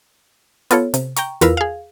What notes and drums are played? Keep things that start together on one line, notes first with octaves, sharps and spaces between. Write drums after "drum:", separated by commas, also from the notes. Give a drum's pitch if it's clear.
B3 F4 A4 C#5, drum: hi-hat
C3, drum: hi-hat
G5 A#5 C#6, drum: hi-hat
E2 F4 A#4 B4 F5 E6, drum: hi-hat
G#4 F5